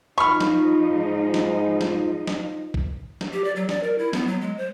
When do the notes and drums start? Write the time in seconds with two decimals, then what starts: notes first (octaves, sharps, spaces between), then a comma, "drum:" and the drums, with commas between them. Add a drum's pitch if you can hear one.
0.18 F3 D#4 B5 C#6 F6
0.41 drum: snare
0.91 G#2
1.34 drum: snare
1.81 drum: snare
2.27 drum: snare
2.74 drum: kick
3.21 drum: snare
3.33 G4
3.44 D5
3.56 F#3
3.69 D5, drum: snare
3.83 A#4
3.98 E4
4.13 B3, drum: snare
4.27 F#3
4.41 G#3
4.58 C5